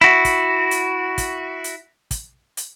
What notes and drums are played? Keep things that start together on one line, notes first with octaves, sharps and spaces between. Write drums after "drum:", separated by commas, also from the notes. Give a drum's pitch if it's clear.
E4 F#4
drum: kick, hi-hat
drum: hi-hat
drum: kick, hi-hat
drum: hi-hat
drum: kick, hi-hat
drum: hi-hat